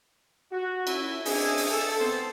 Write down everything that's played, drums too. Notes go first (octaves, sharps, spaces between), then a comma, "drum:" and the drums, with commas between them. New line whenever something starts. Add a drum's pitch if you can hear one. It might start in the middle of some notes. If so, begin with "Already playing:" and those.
F#4
C#4 E4, drum: cymbal
C4 D4 G#4 D#5 E5 G#5, drum: open hi-hat
drum: open hi-hat
A4
G#2 B3 C4 C5 A5